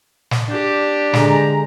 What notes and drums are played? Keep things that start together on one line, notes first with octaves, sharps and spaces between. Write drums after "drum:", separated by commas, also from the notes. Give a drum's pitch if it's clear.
drum: snare
D4 G4
D3 G#3 A#5, drum: snare